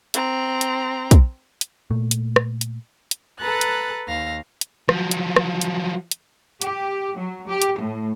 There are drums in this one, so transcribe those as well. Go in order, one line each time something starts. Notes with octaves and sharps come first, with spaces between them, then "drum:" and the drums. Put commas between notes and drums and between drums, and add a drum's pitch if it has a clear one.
C4 A#5, drum: hi-hat
drum: hi-hat
drum: kick, hi-hat
drum: hi-hat
A#2 A3
drum: hi-hat
drum: rim click
drum: hi-hat
drum: hi-hat
A4 B4 A#5 F#6 A6
drum: hi-hat
D#2 F5 A#6
drum: hi-hat
F3 F#3, drum: rim click
drum: hi-hat
drum: rim click
drum: hi-hat
drum: hi-hat
G4, drum: hi-hat
F#3
G4
drum: hi-hat
A2